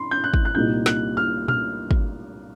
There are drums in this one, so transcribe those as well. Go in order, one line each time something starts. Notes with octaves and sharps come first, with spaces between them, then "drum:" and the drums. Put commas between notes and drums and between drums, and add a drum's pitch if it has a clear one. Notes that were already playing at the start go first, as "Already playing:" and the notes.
Already playing: B5 C6
G6
F#6
drum: kick
F#6
C2 A#2 G3 A#3 D#4 G6
F#6, drum: snare
F6
F6, drum: tom A#2
drum: kick